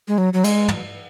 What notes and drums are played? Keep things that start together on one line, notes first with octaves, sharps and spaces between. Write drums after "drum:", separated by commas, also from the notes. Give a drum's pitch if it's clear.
G#3
F#3
F#3
G#3, drum: cymbal
drum: tom